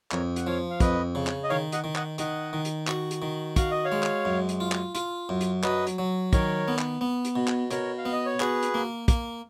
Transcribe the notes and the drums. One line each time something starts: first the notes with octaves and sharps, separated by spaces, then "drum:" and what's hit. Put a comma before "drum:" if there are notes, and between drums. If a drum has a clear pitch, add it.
F2 A#4 C#5, drum: clap
F#5, drum: hi-hat
F3 C#5 F5
F5
F2 B4 D#5, drum: kick, hi-hat
C#3
drum: clap
D#5
D#3 C#5 F5
D#5 F#5, drum: hi-hat
D#3
D#5 F#5, drum: clap
D#3 D#5 F#5, drum: hi-hat
D#3
drum: hi-hat
F#4, drum: clap
drum: hi-hat
D#3
F#4 F5, drum: kick, hi-hat
D#5
C#5 F5
G#3
drum: clap
F#2
drum: hi-hat
F4
drum: clap
F4, drum: hi-hat
F#2
drum: hi-hat
F#3 B4 D#5, drum: clap
drum: hi-hat
F#3
D#3 A#4 C#5, drum: kick, hi-hat
B3
drum: clap
B3
drum: hi-hat
B2
drum: clap
B2 A#4 C#5, drum: hi-hat
F5
B3
D#5
C#5
F#4 G#4 B4, drum: clap
drum: hi-hat
A#3
A#3, drum: kick, hi-hat